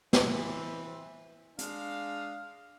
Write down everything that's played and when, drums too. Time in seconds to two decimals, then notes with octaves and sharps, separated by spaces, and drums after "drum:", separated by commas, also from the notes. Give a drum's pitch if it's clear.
0.13 E3 C4, drum: snare
1.59 G#3 D4 F5, drum: hi-hat